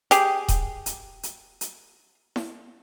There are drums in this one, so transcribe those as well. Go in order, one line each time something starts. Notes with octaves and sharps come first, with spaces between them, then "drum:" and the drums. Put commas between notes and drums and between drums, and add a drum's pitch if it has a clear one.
G4 G#4, drum: hi-hat
drum: kick D#1, hi-hat
drum: hi-hat
drum: hi-hat
drum: hi-hat
drum: snare E4